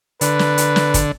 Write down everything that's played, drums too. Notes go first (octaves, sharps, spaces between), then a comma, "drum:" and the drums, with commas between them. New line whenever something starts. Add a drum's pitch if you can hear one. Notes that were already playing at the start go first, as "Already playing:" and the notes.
D3 B4, drum: hi-hat
drum: snare
drum: hi-hat
drum: snare
drum: kick, hi-hat